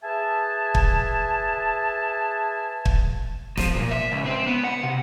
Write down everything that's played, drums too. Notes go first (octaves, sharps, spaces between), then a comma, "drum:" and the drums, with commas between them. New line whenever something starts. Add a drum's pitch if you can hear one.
G#4 B4 E5 G#5 A5
drum: kick
drum: kick
F3, drum: snare
A#2
E5
C#2
C4
B3
F#5
C3